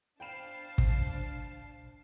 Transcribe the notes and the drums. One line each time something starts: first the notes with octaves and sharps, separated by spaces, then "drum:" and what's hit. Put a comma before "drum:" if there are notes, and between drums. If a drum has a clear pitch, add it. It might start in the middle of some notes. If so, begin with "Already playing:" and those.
D4 C5 F5 G5 A5 B5 E7
drum: kick